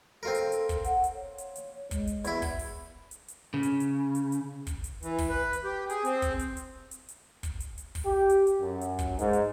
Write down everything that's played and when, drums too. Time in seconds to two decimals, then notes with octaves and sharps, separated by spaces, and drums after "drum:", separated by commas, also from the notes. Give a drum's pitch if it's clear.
0.23 C4 F4 A4 A#4
0.35 drum: hi-hat
0.52 drum: hi-hat
0.69 drum: kick, hi-hat
0.84 F#5, drum: hi-hat
1.04 drum: hi-hat
1.15 C#5
1.38 drum: hi-hat
1.56 drum: hi-hat
1.91 G#3, drum: kick, hi-hat
2.07 drum: hi-hat
2.25 E2 E4, drum: hi-hat
2.42 drum: kick, open hi-hat
2.59 drum: open hi-hat
3.11 drum: hi-hat
3.28 drum: hi-hat
3.54 C#3
3.63 drum: hi-hat
3.80 drum: hi-hat
4.15 drum: hi-hat
4.32 drum: hi-hat
4.67 drum: kick, hi-hat
4.84 drum: hi-hat
5.03 E3, drum: hi-hat
5.18 drum: kick, open hi-hat
5.29 B4
5.53 drum: hi-hat
5.64 G4
5.90 G#4, drum: hi-hat
6.05 C4, drum: hi-hat
6.22 drum: kick, hi-hat
6.39 drum: hi-hat
6.57 drum: hi-hat
6.91 drum: hi-hat
7.09 drum: hi-hat
7.43 drum: kick, hi-hat
7.60 drum: hi-hat
7.78 drum: hi-hat
7.95 drum: kick, open hi-hat
8.05 G4
8.29 drum: hi-hat
8.47 drum: hi-hat
8.61 F#2
8.81 drum: hi-hat
8.99 drum: kick, hi-hat
9.19 G#2, drum: hi-hat
9.33 drum: hi-hat